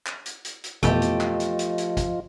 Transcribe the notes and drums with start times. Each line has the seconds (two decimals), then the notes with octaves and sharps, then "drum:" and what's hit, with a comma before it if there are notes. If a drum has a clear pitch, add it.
0.06 drum: clap
0.26 drum: hi-hat
0.45 drum: hi-hat
0.64 drum: hi-hat
0.83 F2 B2 E3 F3 A3 F4 G4 D#5, drum: kick, hi-hat
1.02 drum: hi-hat
1.21 drum: clap
1.40 drum: hi-hat
1.59 drum: hi-hat
1.78 drum: hi-hat
1.97 drum: kick, hi-hat